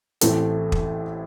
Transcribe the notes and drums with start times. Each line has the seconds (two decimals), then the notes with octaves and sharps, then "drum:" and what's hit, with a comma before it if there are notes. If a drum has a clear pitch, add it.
0.21 A1 A2 E3 A3 C4, drum: hi-hat
0.72 drum: kick